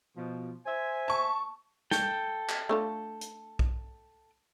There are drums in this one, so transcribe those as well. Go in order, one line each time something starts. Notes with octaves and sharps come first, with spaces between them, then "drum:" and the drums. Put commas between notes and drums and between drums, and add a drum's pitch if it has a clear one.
B2 F3
C5 E5 G#5
A5 C#6
A4 G5, drum: snare
drum: clap
A3 D4 F4
drum: hi-hat
drum: kick B1